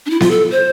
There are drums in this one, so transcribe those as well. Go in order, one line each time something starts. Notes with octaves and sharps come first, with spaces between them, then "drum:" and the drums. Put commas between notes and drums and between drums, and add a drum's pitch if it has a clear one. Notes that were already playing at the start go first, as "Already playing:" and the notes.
D4
E4
F4, drum: snare B3
A4
C5